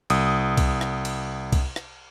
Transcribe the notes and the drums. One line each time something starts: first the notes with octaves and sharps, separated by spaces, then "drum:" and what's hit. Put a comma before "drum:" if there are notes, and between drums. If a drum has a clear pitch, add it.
C2 D#6, drum: cymbal
drum: kick C2, cymbal
drum: rim click
drum: cymbal
drum: kick C2, cymbal
drum: rim click